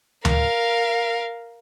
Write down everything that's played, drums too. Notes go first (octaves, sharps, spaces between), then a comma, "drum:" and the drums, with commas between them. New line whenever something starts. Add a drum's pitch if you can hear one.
A#4 F5, drum: tom D2